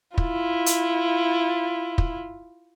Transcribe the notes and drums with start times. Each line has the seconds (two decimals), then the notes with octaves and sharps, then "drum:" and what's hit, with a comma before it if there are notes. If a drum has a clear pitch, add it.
0.18 E4 F4, drum: kick
0.66 drum: hi-hat
1.98 drum: kick